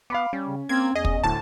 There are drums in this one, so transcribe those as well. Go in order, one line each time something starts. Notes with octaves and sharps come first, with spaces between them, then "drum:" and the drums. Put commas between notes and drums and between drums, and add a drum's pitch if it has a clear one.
B3 F5 B5 D6
G3 C#4
C#3
A#3 C4 G#6
E2 G#4 D#5
drum: kick
D1 D2 A2 A5